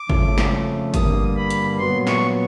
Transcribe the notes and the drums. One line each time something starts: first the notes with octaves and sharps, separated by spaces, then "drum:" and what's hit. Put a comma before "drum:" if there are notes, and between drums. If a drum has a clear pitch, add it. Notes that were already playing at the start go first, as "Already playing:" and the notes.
Already playing: D6
F2 C#3 F3 A3, drum: kick G#1
drum: snare
G2 D3 G3 A#3 D#6, drum: kick G#1, hi-hat
B5
drum: hi-hat
A#2 F#3 B3 C6
C#6, drum: snare